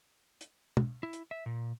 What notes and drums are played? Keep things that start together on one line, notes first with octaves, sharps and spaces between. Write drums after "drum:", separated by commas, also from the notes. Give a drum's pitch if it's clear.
drum: hi-hat
drum: tom
E4
drum: hi-hat
E5
A#2